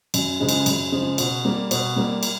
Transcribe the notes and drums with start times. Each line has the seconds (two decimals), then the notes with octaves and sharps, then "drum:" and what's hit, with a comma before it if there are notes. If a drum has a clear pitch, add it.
0.14 F#2, drum: cymbal
0.40 C#3 F3 G#3
0.49 drum: cymbal
0.66 F#2, drum: cymbal
0.92 C#3 F3 G#3
1.18 B2, drum: cymbal
1.45 G3 A#3
1.71 B2, drum: cymbal
1.96 G3 A#3
2.23 drum: cymbal